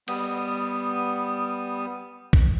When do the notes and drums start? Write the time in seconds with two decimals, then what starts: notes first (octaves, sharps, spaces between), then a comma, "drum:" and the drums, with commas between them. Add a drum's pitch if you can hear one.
0.08 G3 B3 D#6, drum: cymbal
2.33 drum: kick